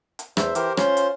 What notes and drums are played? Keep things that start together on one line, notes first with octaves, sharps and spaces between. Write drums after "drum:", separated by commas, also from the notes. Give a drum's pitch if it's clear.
drum: hi-hat
E2 C5 E5, drum: rim click
E3 G4 A#4 C5, drum: hi-hat
C#4 F4 C5 C6, drum: rim click
drum: hi-hat